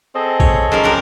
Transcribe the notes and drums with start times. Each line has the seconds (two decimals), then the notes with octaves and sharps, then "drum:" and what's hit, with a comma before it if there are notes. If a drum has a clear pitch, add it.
0.15 C4 G#4 A4 D#5
0.40 C#5, drum: kick A#1
0.72 F#2 F3 G#3 A#4
0.84 C4 D4 A#4